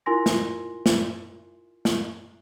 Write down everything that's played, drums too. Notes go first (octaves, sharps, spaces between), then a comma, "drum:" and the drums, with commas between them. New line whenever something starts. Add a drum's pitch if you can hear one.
E4 F4 A#4 G#5 C6 A#6
drum: snare
drum: snare
drum: snare